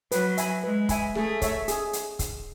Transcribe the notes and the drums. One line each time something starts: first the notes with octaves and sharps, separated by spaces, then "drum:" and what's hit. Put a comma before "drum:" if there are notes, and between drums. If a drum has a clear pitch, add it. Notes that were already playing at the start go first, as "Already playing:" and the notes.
F#3 B4, drum: hi-hat
E5 G#5 B5, drum: hi-hat
G#3 B4
E5 G#5 B5, drum: kick, hi-hat
A3 G#4, drum: rim click
C#5 E5, drum: kick, hi-hat
G#4, drum: hi-hat
drum: hi-hat
drum: kick, hi-hat